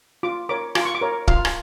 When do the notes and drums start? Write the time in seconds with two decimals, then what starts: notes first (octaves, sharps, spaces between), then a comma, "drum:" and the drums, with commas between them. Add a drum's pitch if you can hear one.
0.23 F4 D6
0.49 A#4 C#5 D6
0.75 F4 D6, drum: rim click
0.85 C#6
0.95 D6
1.02 A#4 C#5
1.28 F4 F5, drum: kick
1.45 drum: rim click